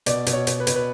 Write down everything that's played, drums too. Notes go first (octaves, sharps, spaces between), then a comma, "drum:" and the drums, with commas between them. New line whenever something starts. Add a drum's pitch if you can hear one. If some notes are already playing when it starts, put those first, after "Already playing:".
B2 D5, drum: hi-hat
B2, drum: hi-hat
C#5
B2, drum: hi-hat
B4
B2, drum: hi-hat
B4